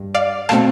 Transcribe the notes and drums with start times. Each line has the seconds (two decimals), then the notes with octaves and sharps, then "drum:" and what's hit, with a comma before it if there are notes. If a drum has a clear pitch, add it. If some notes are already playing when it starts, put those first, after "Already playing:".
Already playing: G2
0.15 D5 F5
0.49 B2 A3 C4 F5 A5, drum: rim click